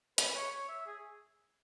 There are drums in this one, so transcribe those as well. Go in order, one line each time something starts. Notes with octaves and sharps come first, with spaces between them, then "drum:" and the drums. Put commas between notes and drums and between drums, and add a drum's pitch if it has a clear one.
B4, drum: hi-hat
C#5
C#5
E5
G#4